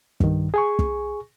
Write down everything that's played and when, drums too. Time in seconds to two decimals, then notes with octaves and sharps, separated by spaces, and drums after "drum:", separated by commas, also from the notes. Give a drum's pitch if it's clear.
0.20 G2 D#3, drum: kick
0.54 G#4 G#5 C#6
0.79 drum: kick